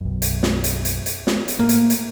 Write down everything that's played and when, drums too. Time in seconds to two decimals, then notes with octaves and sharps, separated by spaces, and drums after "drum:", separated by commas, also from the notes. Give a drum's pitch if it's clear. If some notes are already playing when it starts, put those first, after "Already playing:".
0.01 B1 F#2
0.22 drum: hi-hat
0.43 drum: snare
0.64 drum: hi-hat
0.85 drum: hi-hat
1.06 drum: hi-hat
1.27 drum: snare
1.48 drum: hi-hat
1.59 A2 A#3
1.69 drum: hi-hat
1.90 drum: hi-hat